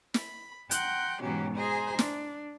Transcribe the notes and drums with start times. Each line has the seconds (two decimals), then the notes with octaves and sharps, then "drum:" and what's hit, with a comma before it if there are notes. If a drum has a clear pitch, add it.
0.14 B5, drum: snare
0.71 F#5 G5 A#5 C6 F#6 G6, drum: hi-hat
1.23 G#2 B2 E3 F#3 C#4 G4
1.56 G#4 C5 D#5 G#5 A#5
1.99 D4, drum: snare